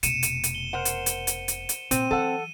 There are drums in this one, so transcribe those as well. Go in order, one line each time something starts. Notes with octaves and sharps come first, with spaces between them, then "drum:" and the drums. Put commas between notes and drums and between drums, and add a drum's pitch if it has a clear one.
F1 B2 C#7 D#7 E7, drum: hi-hat
drum: hi-hat
drum: hi-hat
G7
A#4 C5 F#5
drum: hi-hat
drum: hi-hat
drum: hi-hat
drum: hi-hat
drum: hi-hat
A#2 C4 D#7, drum: hi-hat
E3 F#3 A4 F#5